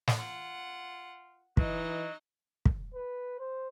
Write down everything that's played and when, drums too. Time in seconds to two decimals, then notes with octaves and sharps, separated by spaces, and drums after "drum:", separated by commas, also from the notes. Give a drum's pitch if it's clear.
0.07 drum: snare
0.18 F4 F#5
1.57 E3 F#3 D#4 D#5, drum: kick
2.65 drum: kick
2.95 B4
3.39 C5